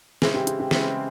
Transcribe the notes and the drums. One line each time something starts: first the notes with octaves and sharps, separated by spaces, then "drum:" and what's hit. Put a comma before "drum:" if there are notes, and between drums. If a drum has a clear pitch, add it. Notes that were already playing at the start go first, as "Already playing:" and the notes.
C#3 E3 G#3 C4 E4 G#4, drum: snare
G4
G4, drum: hi-hat
G4
C#3 E3 G#3 C4 E4, drum: snare